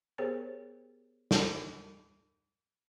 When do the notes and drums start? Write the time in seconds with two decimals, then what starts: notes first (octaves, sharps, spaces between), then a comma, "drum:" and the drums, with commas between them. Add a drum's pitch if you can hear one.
0.18 B3 G4 G#4 A#4 C5 C#5
1.31 drum: snare